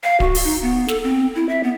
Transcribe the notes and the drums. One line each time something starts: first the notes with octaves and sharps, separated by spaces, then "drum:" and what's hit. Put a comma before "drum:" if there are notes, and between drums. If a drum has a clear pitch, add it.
F5
F#4, drum: kick D1
drum: open hi-hat
D#4
B3
A4, drum: snare
C4
E4
E5
B3